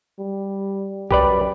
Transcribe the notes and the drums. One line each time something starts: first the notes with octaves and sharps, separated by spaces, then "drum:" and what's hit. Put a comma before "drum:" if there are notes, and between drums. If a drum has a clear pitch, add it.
G3
F#2 G4 B4 D5, drum: kick B1